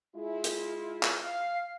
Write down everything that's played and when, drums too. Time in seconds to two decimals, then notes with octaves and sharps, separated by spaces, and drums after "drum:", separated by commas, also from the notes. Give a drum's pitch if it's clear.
0.15 G#3 E4 F4
0.44 drum: hi-hat
1.03 drum: clap
1.23 F5